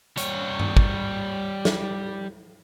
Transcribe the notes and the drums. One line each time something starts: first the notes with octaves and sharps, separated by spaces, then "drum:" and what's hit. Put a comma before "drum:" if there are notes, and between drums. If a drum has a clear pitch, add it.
G3 C#5, drum: hi-hat
drum: tom G2
drum: kick
drum: snare